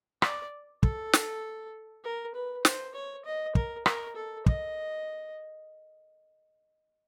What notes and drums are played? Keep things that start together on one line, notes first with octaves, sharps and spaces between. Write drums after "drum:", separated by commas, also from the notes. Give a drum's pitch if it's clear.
D5, drum: rim click
A4, drum: kick
drum: snare
A#4
B4
C5, drum: snare
C#5
D#5
A#4, drum: kick
A#4, drum: rim click
A4
D#5, drum: kick